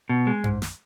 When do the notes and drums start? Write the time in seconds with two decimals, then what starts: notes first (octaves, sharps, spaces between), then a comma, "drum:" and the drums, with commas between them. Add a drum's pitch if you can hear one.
0.09 B2
0.27 G#3
0.44 G#2, drum: tom F#2
0.62 drum: snare